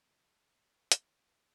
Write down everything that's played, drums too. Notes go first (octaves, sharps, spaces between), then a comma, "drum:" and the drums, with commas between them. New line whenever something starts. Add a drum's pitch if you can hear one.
C#3 F#3 A3
G#5 A5 D6 C7
A4 C5 C#5
C5 C#5 F5 B5 C6 D#6, drum: hi-hat